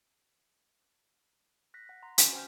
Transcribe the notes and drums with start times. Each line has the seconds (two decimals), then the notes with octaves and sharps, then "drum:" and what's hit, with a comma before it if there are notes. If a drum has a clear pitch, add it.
1.74 F#6 A#6 B6
1.89 F#5
2.03 A#5 C6
2.18 C#4 F#4 G#5, drum: hi-hat
2.33 C5 F#5 G5 F6 G6